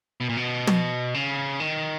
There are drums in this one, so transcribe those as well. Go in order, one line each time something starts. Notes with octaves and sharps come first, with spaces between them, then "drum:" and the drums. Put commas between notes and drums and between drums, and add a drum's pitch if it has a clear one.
B2
A#2
B2
drum: tom
C#3
D#3